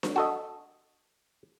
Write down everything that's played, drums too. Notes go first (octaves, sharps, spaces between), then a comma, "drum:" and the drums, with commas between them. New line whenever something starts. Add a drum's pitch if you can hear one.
drum: snare D4
F#4 A4 D#5